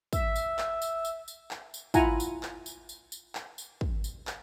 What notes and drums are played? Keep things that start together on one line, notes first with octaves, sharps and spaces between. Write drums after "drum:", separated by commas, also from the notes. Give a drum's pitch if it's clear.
E5, drum: kick, tambourine
drum: tambourine
drum: clap
drum: tambourine
drum: tambourine
drum: tambourine
drum: clap
drum: tambourine
E4 F4 F#5 G#5 A#5, drum: kick, tambourine
drum: tambourine
drum: clap
drum: tambourine
drum: tambourine
drum: tambourine
drum: clap
drum: tambourine
drum: kick
drum: tambourine
drum: clap